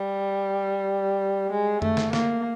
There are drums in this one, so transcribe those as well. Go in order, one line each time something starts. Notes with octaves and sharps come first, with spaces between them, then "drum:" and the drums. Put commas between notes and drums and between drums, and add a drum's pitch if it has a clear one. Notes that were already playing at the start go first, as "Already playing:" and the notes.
Already playing: G3
G#3
A3, drum: tom F#2
drum: snare
A#3, drum: snare